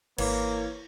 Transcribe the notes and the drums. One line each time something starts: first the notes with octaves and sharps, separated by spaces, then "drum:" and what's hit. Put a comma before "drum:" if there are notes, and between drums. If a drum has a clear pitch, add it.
G#1 E3 A#3 C#5, drum: cymbal